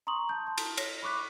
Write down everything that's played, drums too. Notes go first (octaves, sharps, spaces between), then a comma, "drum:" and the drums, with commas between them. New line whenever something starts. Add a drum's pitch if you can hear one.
A#5 C6 C#6 D#6 F#7
A5 G6
A5 C6
drum: cymbal
C#5 A#6, drum: cymbal
B5 C#6 D6 F#6 B6